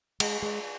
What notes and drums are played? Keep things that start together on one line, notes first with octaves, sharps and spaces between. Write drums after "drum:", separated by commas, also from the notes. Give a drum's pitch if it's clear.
G#3, drum: cymbal
G#3